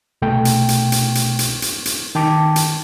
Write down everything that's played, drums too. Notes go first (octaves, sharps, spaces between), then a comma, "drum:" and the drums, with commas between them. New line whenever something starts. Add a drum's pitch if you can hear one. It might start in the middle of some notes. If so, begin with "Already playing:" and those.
C2 B2 A3 G5
drum: hi-hat
drum: hi-hat
drum: hi-hat
drum: hi-hat
drum: hi-hat
drum: hi-hat
drum: hi-hat
D#3 G5 A5 D6
drum: hi-hat